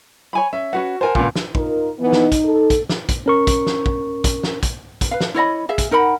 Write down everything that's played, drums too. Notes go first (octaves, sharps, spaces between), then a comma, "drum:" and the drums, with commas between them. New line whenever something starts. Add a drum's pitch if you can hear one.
C#5 G#5 B5
C#4 E5
C#4 F#4 B4 F#5
A#4 C5 F#5 G#5 A5
C#2 A#2, drum: kick
drum: snare
D#4 F4 A#4, drum: kick
E3 B3 D#4
drum: snare
drum: kick, hi-hat
A4
drum: kick, hi-hat
drum: snare
drum: kick, hi-hat
C#4 A#4 C#6
drum: kick, hi-hat
drum: snare
drum: kick
drum: kick, hi-hat
drum: snare
drum: kick, hi-hat
drum: kick, hi-hat
B4 F5
drum: snare
E4 C#5 D#5 B5
G#4 E5 F5
drum: kick, hi-hat
D#4 A#4 F#5 B5